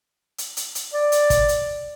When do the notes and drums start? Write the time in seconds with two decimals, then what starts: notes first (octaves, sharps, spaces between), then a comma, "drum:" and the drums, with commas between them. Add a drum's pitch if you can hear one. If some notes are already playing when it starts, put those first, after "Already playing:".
0.38 drum: hi-hat
0.57 drum: hi-hat
0.75 drum: hi-hat
0.93 D5
1.12 drum: hi-hat
1.30 drum: kick, hi-hat
1.49 drum: hi-hat